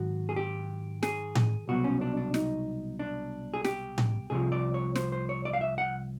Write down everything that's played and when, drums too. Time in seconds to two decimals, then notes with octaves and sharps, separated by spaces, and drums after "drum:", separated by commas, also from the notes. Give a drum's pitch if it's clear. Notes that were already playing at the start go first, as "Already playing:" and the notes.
Already playing: G#2 D#3 F#3 F#4
0.29 G#4
0.36 G4
1.03 G#4, drum: snare
1.35 drum: tom A2
1.68 C2 B2 F#3 F#4
1.84 C#4
2.01 D4
2.17 D4
2.34 D#4, drum: snare
2.99 D4
3.54 G#4
3.64 G4, drum: snare
3.98 drum: tom A2
4.30 C2 C3 F3 G#4
4.52 D5
4.74 C#5
4.95 C5, drum: snare
5.12 C5
5.29 C#5
5.45 D5
5.53 F5
5.61 E5
5.78 F#5